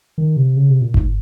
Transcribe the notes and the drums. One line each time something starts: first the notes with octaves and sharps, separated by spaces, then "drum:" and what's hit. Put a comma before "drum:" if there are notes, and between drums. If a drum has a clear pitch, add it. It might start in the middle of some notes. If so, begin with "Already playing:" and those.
D#3
C3
C#3
C3
A#2
G#2, drum: kick G1